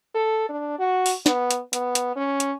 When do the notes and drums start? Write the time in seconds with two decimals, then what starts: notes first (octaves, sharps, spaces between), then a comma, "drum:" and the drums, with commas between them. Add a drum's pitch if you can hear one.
0.15 A4
0.49 D4
0.79 F#4
1.06 drum: open hi-hat
1.26 B3, drum: snare
1.51 drum: hi-hat
1.73 B3, drum: hi-hat
1.95 drum: hi-hat
2.16 C#4
2.40 drum: hi-hat